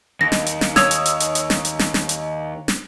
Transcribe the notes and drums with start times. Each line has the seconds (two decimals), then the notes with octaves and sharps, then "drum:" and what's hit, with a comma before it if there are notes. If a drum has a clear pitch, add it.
0.21 D#2 A#6
0.32 drum: snare
0.46 drum: hi-hat
0.61 drum: snare
0.76 C#5 D#6 E6 G#6 F7, drum: snare
0.91 drum: hi-hat
1.06 drum: hi-hat
1.20 drum: hi-hat
1.35 drum: hi-hat
1.50 drum: snare
1.65 drum: hi-hat
1.79 drum: snare
1.94 drum: snare
2.09 drum: hi-hat
2.68 drum: snare